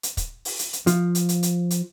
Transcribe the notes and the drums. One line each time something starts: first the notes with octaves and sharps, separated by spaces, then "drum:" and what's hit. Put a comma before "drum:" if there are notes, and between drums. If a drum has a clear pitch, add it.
drum: hi-hat
drum: kick, hi-hat
drum: open hi-hat
drum: hi-hat
drum: hi-hat
F3, drum: hi-hat
drum: hi-hat
drum: hi-hat
drum: hi-hat
drum: hi-hat